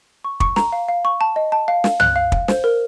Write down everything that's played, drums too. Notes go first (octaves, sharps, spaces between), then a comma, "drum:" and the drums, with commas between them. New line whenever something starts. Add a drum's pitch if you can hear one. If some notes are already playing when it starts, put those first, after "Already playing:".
C#6
C#6, drum: kick
A#5, drum: snare
F5
F5
C#6
A5
D#5
A5
F5
F5, drum: snare
F#6, drum: tom
F5
F5, drum: kick
C5, drum: snare
A#4